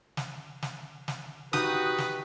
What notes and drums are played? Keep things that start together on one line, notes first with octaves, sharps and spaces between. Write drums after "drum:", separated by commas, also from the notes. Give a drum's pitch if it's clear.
drum: snare
drum: snare
drum: snare
D#4 F#4 G4 B4 D#6, drum: snare
drum: snare